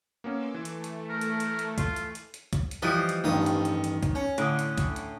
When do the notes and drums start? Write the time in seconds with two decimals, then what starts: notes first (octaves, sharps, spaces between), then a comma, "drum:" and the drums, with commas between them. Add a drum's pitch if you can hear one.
0.24 A#3 B3 C#4 C6 D6 E6
0.54 E3 A3
0.65 drum: hi-hat
0.84 drum: hi-hat
1.10 A#4
1.21 drum: hi-hat
1.40 drum: hi-hat
1.59 drum: hi-hat
1.78 F4, drum: kick, hi-hat
1.96 drum: hi-hat
2.15 drum: hi-hat
2.34 drum: hi-hat
2.53 drum: kick, hi-hat
2.71 drum: hi-hat
2.82 E3 F3 G3 D#5
3.09 drum: hi-hat
3.24 A1 G2 D#3 D#6
3.46 drum: hi-hat
3.65 drum: hi-hat
3.84 drum: hi-hat
4.03 drum: kick, hi-hat
4.15 C#4
4.38 A2 D3 D#6, drum: hi-hat
4.59 drum: hi-hat
4.78 drum: kick, hi-hat
4.96 drum: hi-hat